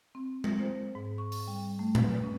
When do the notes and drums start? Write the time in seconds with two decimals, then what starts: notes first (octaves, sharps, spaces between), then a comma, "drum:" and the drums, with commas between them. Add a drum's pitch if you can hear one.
0.15 C4
0.44 A#6, drum: tom G#3
0.60 C5
0.95 G#2
1.18 C#6
1.32 drum: open hi-hat
1.47 G3
1.79 A3
1.95 B4, drum: tom A2
2.23 C#4